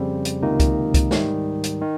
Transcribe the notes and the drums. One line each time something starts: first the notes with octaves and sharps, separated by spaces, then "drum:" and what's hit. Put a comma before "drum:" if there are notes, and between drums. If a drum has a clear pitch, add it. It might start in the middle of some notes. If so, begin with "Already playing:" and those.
Already playing: F2 C#3 G3 C4
drum: hi-hat
C#2 C3 D#3 A#3 D#4
drum: kick C2, hi-hat
drum: kick C2, hi-hat
G#2 D#3 G3, drum: snare
drum: hi-hat
D#3